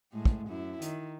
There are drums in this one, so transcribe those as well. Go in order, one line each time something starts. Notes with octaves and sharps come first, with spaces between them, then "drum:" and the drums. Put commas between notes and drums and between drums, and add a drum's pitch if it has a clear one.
A2 G#3
drum: kick
F#2 E4
D#3, drum: hi-hat